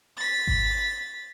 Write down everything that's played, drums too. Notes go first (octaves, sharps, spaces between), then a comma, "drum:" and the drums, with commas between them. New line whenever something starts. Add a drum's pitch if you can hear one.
A6 B6
drum: kick G#1